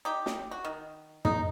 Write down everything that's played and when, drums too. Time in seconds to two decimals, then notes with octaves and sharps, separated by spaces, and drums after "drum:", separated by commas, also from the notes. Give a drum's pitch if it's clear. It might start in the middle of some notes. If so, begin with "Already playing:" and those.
0.05 D#4 G4
0.26 drum: snare
0.51 F#4
0.65 D#3
1.25 D#4, drum: tom